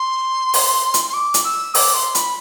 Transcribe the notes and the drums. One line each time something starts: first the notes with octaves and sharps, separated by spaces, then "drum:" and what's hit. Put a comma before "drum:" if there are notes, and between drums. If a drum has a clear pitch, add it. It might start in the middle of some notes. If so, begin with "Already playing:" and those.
Already playing: C6
drum: open hi-hat
drum: hi-hat
C6
D6
drum: hi-hat
E6
D6, drum: open hi-hat
C6
B5, drum: hi-hat